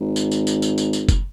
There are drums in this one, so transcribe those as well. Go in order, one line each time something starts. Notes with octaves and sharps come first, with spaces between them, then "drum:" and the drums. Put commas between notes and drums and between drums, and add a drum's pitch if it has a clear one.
G#1
drum: tambourine
drum: tambourine
drum: tambourine
drum: tambourine
drum: tambourine
drum: tambourine
drum: kick F#1, tambourine